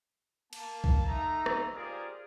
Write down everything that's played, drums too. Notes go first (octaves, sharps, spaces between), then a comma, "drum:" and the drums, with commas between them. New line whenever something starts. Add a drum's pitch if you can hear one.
A#3 A5, drum: cymbal
drum: kick A#1
A3 D#4 E5 A#5
drum: rim click
F4 G4 G#4 A#4 C5 D5